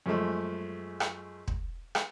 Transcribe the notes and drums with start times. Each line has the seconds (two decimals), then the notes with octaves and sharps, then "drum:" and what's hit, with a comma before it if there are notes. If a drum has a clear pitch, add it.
0.06 F#2 F3 G#3 A3
1.00 drum: rim click
1.48 drum: kick
1.95 drum: rim click